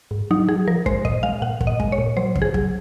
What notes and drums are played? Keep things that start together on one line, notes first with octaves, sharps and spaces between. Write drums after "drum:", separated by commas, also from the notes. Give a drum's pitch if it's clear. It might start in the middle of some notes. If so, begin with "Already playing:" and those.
G#2
F#3 D#4
F#3 G#4
F3 A#4
G#3 C5, drum: kick
A#2 D#5, drum: kick
G#3 F5
A#2 F#5
A#2, drum: kick
D#5
G#3, drum: kick
C#5
A#2
F#3 C5
C#3, drum: kick
G#4
F#3, drum: kick